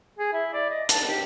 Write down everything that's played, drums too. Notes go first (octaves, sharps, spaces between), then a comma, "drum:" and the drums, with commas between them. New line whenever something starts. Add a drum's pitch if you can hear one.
G#4
E4
D5
D#5
A5, drum: hi-hat
G4